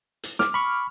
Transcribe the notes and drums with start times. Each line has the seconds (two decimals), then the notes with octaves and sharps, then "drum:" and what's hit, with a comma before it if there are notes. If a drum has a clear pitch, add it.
0.24 drum: hi-hat
0.39 D6 F6, drum: snare
0.54 B5 C#6